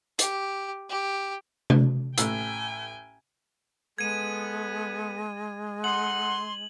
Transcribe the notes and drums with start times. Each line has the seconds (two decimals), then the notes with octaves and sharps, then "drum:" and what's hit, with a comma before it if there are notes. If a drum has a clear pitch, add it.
0.19 G4, drum: hi-hat
0.90 G4
1.70 drum: tom C3
2.18 A1 A2 G5 G#5 E6, drum: hi-hat
3.98 G#3 B3 A4 G#6 D#7
5.84 D#4 A4 F#5 C6 F#7